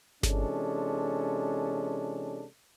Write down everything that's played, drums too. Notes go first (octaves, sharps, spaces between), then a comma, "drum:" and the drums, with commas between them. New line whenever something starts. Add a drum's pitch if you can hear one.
C3 E3 G#3 C#4 D4 A4, drum: snare G1